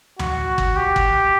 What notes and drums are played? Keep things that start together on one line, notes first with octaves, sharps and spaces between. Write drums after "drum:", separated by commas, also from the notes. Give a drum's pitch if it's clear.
F#4, drum: tom D2
drum: kick G1
G4
drum: kick G1